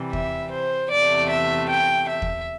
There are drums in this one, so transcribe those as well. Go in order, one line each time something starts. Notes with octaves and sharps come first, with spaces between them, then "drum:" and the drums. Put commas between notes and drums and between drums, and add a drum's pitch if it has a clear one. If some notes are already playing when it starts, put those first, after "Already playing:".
Already playing: C3 E3 G3
E5, drum: kick
C5
E2 C3 A3 D5
E5
G5
E5
drum: kick